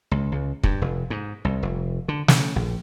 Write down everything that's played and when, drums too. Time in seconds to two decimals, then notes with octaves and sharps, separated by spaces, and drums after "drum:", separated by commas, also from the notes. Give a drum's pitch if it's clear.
0.11 C#2
0.32 C#2
0.63 G2, drum: kick
0.82 F1
1.10 G#2
1.45 C2
1.63 F1
2.08 D3
2.28 C#3, drum: snare
2.56 A#1